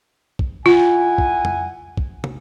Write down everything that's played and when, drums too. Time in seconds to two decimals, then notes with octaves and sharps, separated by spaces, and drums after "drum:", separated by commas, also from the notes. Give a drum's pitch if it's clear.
0.39 drum: kick
0.66 E4 F4 F#5 G#5, drum: tom D3
1.18 drum: kick
1.45 drum: tom F2
1.97 drum: kick
2.24 drum: tom